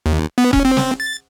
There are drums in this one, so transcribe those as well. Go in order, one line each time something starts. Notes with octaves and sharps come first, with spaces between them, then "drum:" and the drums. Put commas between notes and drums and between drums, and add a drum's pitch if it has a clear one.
D#2
B3
C#4, drum: kick E1
C4
drum: snare
A6